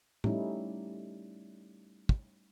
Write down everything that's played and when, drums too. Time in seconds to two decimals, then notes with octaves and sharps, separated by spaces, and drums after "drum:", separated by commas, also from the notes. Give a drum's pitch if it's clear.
0.24 G3 A3 C#4 D#4 E4, drum: tom
2.09 drum: kick